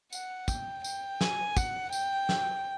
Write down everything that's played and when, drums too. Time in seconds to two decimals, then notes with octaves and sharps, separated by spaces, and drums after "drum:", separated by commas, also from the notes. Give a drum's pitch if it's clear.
0.13 F#5, drum: tambourine
0.48 G5, drum: kick, tambourine
0.84 G5, drum: tambourine
1.21 G#5, drum: snare
1.57 F#5, drum: kick, tambourine
1.92 G5, drum: tambourine
2.29 drum: snare